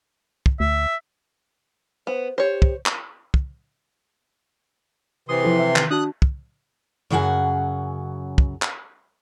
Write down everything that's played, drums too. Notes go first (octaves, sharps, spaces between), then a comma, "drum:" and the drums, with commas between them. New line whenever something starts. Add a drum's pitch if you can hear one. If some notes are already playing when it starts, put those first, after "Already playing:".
drum: kick
D2 E5
B3 C5
G4 C5 C#5
drum: kick
drum: clap
drum: kick
C3 E3 C6 D#6
F3 E4 A4
E5
D#3, drum: clap
D4 F#4 A5 D#6 F#6
drum: kick
F#2 C#3 F#3 F#5 G#5
drum: kick
drum: clap